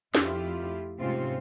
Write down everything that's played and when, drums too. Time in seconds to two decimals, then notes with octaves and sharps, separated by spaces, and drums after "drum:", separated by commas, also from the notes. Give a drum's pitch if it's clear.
0.15 F2 A3 E4 F4 G4, drum: snare
0.99 G#2 C3 A3 C4 C#4 F4